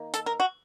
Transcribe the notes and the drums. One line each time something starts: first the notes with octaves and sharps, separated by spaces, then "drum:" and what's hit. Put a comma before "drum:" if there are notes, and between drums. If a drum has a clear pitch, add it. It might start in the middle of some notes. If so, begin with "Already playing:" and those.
Already playing: D#3 A#3
A4, drum: hi-hat
A#4
F#4